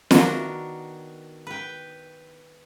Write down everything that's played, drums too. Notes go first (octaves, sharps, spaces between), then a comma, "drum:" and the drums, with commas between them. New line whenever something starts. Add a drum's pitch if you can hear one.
D#3 B3 D4 F#4 A#4, drum: snare
B4 G5